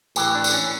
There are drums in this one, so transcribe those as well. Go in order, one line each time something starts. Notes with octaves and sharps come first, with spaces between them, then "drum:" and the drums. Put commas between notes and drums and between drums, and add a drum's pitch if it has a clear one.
A2 E3 G4, drum: tambourine
D4
drum: tambourine
C#4